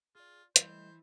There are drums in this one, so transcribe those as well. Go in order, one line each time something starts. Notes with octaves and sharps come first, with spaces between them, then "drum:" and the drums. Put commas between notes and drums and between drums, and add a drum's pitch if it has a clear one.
F4 G#4 D5
E3 G3 A3 C5 D#5, drum: hi-hat